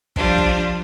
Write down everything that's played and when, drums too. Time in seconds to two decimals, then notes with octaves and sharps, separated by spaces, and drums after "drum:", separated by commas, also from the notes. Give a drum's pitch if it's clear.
0.16 F3 G3 D4 F4, drum: kick
0.38 drum: kick